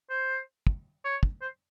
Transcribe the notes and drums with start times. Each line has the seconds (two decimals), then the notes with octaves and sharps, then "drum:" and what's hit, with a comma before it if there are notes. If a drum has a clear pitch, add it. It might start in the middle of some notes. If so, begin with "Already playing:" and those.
0.10 C5
0.67 drum: kick
1.05 C#5
1.23 drum: kick
1.41 C5